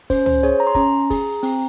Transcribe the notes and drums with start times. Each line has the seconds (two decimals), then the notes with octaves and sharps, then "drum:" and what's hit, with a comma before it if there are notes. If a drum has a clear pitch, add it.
0.10 C#4 C5, drum: kick, open hi-hat
0.26 C5, drum: tom C#2
0.43 G#4 C#5, drum: hi-hat
0.60 A#5
0.67 C6
0.75 C#4 A#5, drum: kick, hi-hat
1.10 G#4, drum: kick, open hi-hat
1.43 C4, drum: open hi-hat